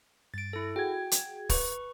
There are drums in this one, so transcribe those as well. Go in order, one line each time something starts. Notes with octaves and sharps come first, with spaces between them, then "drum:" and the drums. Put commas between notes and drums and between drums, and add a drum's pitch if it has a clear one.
G2 A6 D7
E4 A4
F#4 G#4 G5 G#6
drum: hi-hat
B4 C#6, drum: kick, open hi-hat